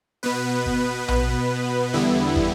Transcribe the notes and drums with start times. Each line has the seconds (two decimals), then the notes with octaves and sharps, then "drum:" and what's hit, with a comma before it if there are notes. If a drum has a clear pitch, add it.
0.23 B2 B3 B4
0.66 drum: kick
1.08 B4, drum: tom A#1
1.93 E2 D3 G3 B3 E4
2.36 drum: kick